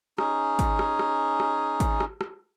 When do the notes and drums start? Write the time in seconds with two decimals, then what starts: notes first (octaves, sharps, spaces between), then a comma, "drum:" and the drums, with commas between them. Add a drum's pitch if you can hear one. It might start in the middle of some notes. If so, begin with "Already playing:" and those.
0.18 C#4 D#4 G#4, drum: rim click
0.59 drum: kick G#1, hi-hat
0.79 drum: rim click
0.99 drum: rim click
1.40 drum: rim click
1.80 drum: kick G#1, hi-hat
2.00 drum: rim click
2.21 drum: rim click